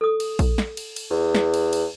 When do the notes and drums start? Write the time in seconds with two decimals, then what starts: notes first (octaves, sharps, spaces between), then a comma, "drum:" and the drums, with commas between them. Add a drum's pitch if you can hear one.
0.01 A4 D#6
0.20 drum: cymbal
0.39 drum: kick A#1, cymbal
0.58 drum: snare
0.77 drum: cymbal
0.96 drum: cymbal
1.10 E2
1.35 drum: snare
1.54 drum: cymbal
1.73 drum: cymbal